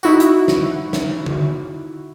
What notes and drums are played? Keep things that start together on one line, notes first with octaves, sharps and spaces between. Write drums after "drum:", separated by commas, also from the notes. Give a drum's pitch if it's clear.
D#4 E4 F#4, drum: tambourine
drum: hi-hat
drum: snare
drum: snare
drum: tom D3